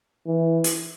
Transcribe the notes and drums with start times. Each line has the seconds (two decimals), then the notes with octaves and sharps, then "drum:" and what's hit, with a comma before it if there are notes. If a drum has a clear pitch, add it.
0.27 E3
0.64 drum: hi-hat